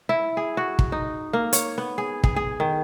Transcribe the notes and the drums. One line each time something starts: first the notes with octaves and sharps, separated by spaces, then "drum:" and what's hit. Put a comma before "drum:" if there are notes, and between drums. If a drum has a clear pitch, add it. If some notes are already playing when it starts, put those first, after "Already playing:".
E4
G#4
F#4
drum: kick
D#4
A#3
C#5, drum: hi-hat
B3
G#4
G#4, drum: kick
G#4
D#3